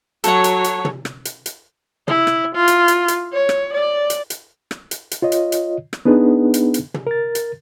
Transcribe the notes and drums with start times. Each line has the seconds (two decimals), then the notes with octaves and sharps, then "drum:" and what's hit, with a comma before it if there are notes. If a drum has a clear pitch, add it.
0.24 F#3 A4 C#5 F#5, drum: hi-hat
0.44 drum: hi-hat
0.64 drum: hi-hat
0.85 drum: tom
1.05 drum: rim click
1.25 drum: hi-hat
1.46 drum: hi-hat
2.08 E4, drum: tom
2.27 drum: rim click
2.55 F4
2.68 drum: hi-hat
2.88 drum: hi-hat
3.08 drum: hi-hat
3.33 C#5
3.49 drum: rim click
3.74 D5
4.10 drum: hi-hat
4.30 drum: hi-hat
4.71 drum: rim click
4.91 drum: hi-hat
5.11 drum: hi-hat
5.22 F4 C#5 D#5
5.32 drum: hi-hat
5.52 drum: hi-hat
5.93 drum: rim click
6.05 B3 D4 D#4 G#4 B4
6.54 drum: hi-hat
6.74 drum: hi-hat
6.94 drum: tom
7.07 A#4 A6
7.35 drum: hi-hat